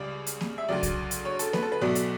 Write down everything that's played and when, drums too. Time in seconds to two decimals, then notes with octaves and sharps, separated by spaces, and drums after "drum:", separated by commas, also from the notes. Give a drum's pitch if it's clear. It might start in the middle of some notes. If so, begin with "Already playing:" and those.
Already playing: C#2 C#3 G3 D5
0.27 drum: hi-hat
0.41 drum: snare A#3
0.58 E5
0.68 D2 C#3 F#3 D5
0.83 drum: kick, hi-hat
1.11 drum: hi-hat
1.25 C#5
1.39 A4, drum: hi-hat
1.53 B4, drum: snare A#3
1.62 A4
1.72 B4
1.81 B1 B2 F#3 A3 D5
1.95 drum: hi-hat